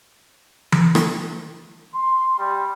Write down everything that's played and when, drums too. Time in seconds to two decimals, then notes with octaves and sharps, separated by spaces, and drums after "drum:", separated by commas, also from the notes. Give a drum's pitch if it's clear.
0.72 drum: tom E3
0.95 drum: rim click
1.93 C6
2.38 G3